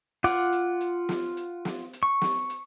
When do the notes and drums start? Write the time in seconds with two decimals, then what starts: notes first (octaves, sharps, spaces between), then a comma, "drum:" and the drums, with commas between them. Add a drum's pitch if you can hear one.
0.24 F4 F#5 D6, drum: open hi-hat
0.52 drum: hi-hat
0.81 drum: hi-hat
1.09 drum: snare
1.37 drum: hi-hat
1.65 drum: snare
1.93 drum: hi-hat
2.03 C#6
2.21 drum: snare
2.50 drum: hi-hat